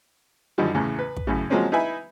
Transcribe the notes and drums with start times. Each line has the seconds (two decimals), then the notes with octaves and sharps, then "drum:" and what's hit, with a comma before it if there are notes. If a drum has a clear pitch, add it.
0.58 F#2 D3 D#3 F3 G3
0.75 E2 A2 C#3
0.99 B4
1.16 drum: kick
1.27 F#2 A2 C#3
1.50 F3 F#3 G#3 A#3 C4 C#4
1.72 D#4 E4 B4 E5 G#5 B5